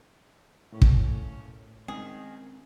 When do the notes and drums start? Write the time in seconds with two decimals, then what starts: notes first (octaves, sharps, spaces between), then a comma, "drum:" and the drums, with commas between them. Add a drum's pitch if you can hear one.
0.72 A2 A3 A#3 C#4
0.82 drum: kick
1.88 D#3 G#3 C4 C#4 G#4